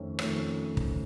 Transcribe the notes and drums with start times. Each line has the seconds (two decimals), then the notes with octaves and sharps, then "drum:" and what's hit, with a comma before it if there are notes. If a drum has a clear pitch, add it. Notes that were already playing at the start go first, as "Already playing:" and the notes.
Already playing: F2 D#3 A3 C#4
0.19 F2 D#3 A3 C#4, drum: rim click
0.77 drum: kick